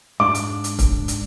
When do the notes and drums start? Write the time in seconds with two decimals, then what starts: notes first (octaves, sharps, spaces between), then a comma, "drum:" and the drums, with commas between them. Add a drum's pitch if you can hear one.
0.20 G#2 D4 D6
0.35 drum: hi-hat
0.64 drum: hi-hat
0.79 drum: kick C#1, hi-hat
1.08 drum: hi-hat